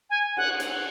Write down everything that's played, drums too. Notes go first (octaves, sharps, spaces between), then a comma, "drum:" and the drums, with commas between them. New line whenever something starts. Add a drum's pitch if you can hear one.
G#5
F#5, drum: cymbal
drum: hi-hat